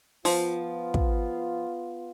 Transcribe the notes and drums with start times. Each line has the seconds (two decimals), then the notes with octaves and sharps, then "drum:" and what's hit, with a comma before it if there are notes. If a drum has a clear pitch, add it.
0.25 F3 B3 F4, drum: open hi-hat
0.94 drum: kick